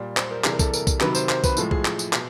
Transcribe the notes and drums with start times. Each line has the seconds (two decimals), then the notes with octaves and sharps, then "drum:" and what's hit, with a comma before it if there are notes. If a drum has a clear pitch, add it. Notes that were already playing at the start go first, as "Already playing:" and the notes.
Already playing: A#2 G3
0.17 C5, drum: clap
0.31 A#4
0.44 C3 E3 G3 G#4, drum: clap
0.53 A#4
0.59 A4, drum: kick B1, tambourine
0.74 A#4, drum: tambourine
0.87 drum: kick B1, tambourine
1.00 C3 D#3 F#3 B4, drum: clap
1.15 C5, drum: tambourine
1.29 C5, drum: clap
1.44 B4, drum: kick B1, tambourine
1.57 A2 F3 G#3 A4, drum: tambourine
1.71 G#4, drum: kick B1
1.85 drum: clap
1.99 drum: tambourine
2.13 B2, drum: clap